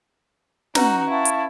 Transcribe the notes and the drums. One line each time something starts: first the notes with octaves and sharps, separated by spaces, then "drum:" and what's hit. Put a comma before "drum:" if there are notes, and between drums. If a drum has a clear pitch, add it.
C#4 D#4 F#4 B4 F#5 A#5, drum: snare
E4 F5 A5 C#6
drum: hi-hat